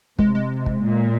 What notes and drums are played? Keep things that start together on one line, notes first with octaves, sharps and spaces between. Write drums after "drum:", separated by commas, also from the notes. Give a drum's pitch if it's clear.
C3 G#3, drum: kick
G#3
drum: kick
A#2